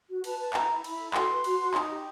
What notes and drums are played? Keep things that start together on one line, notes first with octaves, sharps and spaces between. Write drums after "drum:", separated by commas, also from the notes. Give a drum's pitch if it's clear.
F#4
B4 A5, drum: cymbal
B4 A5
E4 A#5, drum: clap
E4
E4 B5, drum: cymbal
A4
F#4 C6, drum: clap
B4
F#4, drum: cymbal
F#4
D#4, drum: clap
G4